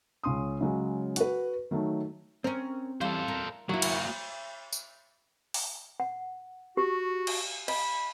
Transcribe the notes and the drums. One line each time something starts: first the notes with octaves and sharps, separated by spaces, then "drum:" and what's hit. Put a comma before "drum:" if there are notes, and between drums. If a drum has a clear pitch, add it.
C#2 C#4 C6 D#6
C#3 F#3 G#3
F#4 B4, drum: hi-hat
D#3 F#3 A3
C4 C#4 A#4
E3 G3 A4 C5 F5
A#4
F#3 A#3 E4 F#4
drum: cymbal
drum: tambourine
drum: open hi-hat
F#5
F#4 G4
drum: cymbal
D#5 B5, drum: cymbal